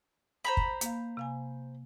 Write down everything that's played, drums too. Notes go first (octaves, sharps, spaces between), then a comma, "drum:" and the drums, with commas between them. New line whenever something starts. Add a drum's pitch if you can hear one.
C5 A#5 B5
drum: kick
A#3 F5, drum: hi-hat
C3 F5 G#5